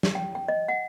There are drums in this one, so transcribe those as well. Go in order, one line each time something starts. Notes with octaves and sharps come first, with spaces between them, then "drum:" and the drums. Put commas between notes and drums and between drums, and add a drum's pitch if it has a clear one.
drum: snare
G5
G5
D#5
F#5